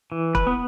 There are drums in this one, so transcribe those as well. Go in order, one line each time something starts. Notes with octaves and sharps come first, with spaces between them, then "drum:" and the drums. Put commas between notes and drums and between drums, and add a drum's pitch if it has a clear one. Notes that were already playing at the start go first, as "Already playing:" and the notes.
E3
B4, drum: kick
B3